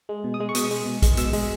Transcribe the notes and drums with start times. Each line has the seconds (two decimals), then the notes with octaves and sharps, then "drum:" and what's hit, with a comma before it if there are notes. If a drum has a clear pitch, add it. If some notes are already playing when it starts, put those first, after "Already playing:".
0.09 G#3
0.24 B2
0.34 D#6
0.40 G#3
0.49 C#6
0.55 B2 D#6, drum: hi-hat
0.71 G#3, drum: open hi-hat
0.86 B2
1.02 G#3, drum: kick, hi-hat
1.17 B2 E6, drum: hi-hat
1.33 G#3, drum: open hi-hat